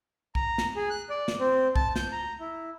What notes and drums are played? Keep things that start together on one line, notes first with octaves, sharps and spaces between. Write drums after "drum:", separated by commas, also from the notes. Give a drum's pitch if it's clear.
A#5, drum: kick B1
drum: snare
G#4
F#6
D5
drum: snare
C4
A5, drum: kick B1
G6, drum: snare
A#5
E4